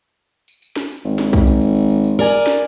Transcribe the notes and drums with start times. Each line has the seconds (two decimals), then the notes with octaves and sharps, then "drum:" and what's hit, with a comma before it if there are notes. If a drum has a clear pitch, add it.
0.48 drum: tambourine
0.62 drum: tambourine
0.76 drum: snare
0.91 drum: tambourine
1.05 G#1
1.19 drum: snare
1.33 drum: kick B1, tambourine
1.47 drum: tambourine
1.61 drum: tambourine
1.76 drum: tambourine
1.90 drum: tambourine
2.04 drum: tambourine
2.19 A#4 D5 G#5, drum: tambourine
2.32 drum: tambourine
2.47 drum: snare